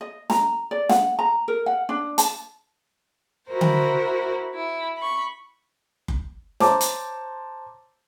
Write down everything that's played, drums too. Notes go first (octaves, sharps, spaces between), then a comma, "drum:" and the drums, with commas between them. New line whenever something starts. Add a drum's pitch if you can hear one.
D#5
A#5, drum: snare
D5
F#5, drum: snare
A#5
A#4
F#5
D4
A5, drum: hi-hat
E4 F#4 A#4 C5
drum: tom D3
E4
B5 C#6
drum: kick F#1
C5 C#5 A5 A#5 D6, drum: snare
drum: hi-hat